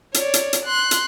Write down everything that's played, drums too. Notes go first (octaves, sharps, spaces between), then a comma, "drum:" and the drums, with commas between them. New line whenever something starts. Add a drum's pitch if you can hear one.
C#5 D5, drum: hi-hat
drum: hi-hat
drum: hi-hat
C6 F#6
drum: hi-hat